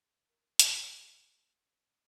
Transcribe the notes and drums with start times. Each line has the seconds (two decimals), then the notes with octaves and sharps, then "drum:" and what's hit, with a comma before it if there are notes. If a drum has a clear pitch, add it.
0.27 A#4
0.59 drum: hi-hat
0.70 A4
0.92 G#4